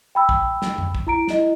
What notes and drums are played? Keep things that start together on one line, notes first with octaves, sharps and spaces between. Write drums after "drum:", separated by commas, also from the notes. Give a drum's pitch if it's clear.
G5 B5 E6
drum: kick
drum: snare
drum: tom F2
drum: kick
E4 A#5 D7
E4 D#5, drum: snare